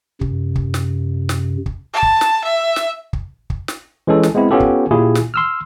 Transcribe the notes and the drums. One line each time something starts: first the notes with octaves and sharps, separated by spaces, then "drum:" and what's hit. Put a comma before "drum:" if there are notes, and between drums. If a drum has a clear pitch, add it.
F#2 C3, drum: kick
drum: kick
drum: snare
drum: snare
drum: kick
A5
drum: kick
drum: snare
E5
drum: snare
drum: kick
drum: kick
drum: snare
E3 G#3 C#4 A4
drum: snare
G#3 B3 C4 E4
B3 C#4 F4 G4 A4
drum: kick
A#2 E4 F4 G4 G#4
drum: snare
C6 E6 F6